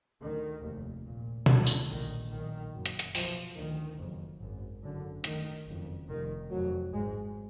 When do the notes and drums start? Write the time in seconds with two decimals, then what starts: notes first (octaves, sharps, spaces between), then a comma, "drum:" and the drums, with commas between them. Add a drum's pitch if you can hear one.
0.21 D2 D#3
0.63 F1 D#2
1.05 A#1 A#2
1.46 D2 D3, drum: tom B2
1.67 drum: tambourine
1.89 A#1 A#2 D#3
2.31 B1 A#2 D#3
2.73 F#1 F#2
2.86 drum: hi-hat
2.99 drum: hi-hat
3.15 B1 B2 F3, drum: open hi-hat
3.57 D2 D#3
3.98 F#1 F2
4.41 G#1 F#2
4.83 F#1 F#2 D3
5.24 D2 D#3, drum: hi-hat
5.66 F#1 F2
6.08 F1 F2 D#3
6.51 F1 F2 F#3
6.92 G#1 G#2 G#3